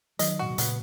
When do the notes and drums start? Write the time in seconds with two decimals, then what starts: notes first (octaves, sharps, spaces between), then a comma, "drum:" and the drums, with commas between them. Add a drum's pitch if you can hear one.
0.19 D#3 F#3 D#5, drum: hi-hat
0.39 A#2 F#4
0.50 B2
0.58 A#2 C#3 B3, drum: hi-hat